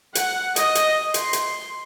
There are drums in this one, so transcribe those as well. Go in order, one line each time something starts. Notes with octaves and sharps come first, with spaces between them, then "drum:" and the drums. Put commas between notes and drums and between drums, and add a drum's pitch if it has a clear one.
F#5, drum: hi-hat
D#5, drum: hi-hat
drum: hi-hat
C6, drum: hi-hat
drum: hi-hat